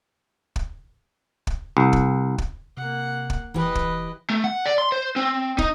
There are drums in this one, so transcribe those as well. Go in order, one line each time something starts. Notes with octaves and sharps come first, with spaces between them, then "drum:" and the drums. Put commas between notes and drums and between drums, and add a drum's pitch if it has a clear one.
drum: kick
drum: kick
C2
drum: kick
drum: kick
C3 A#3 F#5
drum: kick
E1 E3 G4 B4 D#5
drum: kick
A3
F#5
D5
C6
C5
C4
D#4, drum: kick